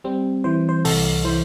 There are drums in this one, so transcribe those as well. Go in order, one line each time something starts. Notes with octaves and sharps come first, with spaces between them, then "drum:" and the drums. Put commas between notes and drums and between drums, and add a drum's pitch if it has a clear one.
G3 C4
E3 C5
C5
C2 A4, drum: open hi-hat
E3 C5